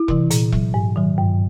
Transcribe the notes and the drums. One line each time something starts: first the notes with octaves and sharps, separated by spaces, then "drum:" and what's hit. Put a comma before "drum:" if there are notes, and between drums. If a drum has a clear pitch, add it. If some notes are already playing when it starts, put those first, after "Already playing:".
Already playing: E4
C3 E3, drum: kick E1
A#2, drum: hi-hat
F#3, drum: kick E1
G#2
D#3 F#3
G2